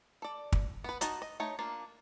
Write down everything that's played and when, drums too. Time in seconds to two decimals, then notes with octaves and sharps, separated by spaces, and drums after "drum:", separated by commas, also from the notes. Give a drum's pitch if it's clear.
0.22 A4 D5
0.52 drum: kick
0.84 B3 B4
1.01 D#4 F#4 D#5 A5, drum: hi-hat
1.22 D#5
1.40 A3 D#4 C#5
1.59 A#3 D4 F4